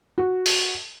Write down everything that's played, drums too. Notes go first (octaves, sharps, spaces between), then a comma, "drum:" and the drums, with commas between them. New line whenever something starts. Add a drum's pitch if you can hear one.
F#4
drum: open hi-hat